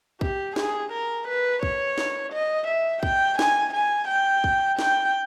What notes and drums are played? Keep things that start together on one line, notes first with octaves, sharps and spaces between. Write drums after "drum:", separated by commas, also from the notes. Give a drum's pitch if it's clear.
G4, drum: kick
G#4, drum: snare
A#4
B4
C#5, drum: kick
drum: snare
D#5
E5
G5, drum: kick
G#5, drum: snare
G#5
G5
drum: kick
G5, drum: snare